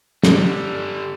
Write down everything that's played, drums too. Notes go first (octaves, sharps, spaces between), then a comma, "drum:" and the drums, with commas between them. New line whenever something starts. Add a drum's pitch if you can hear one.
D3 G3, drum: snare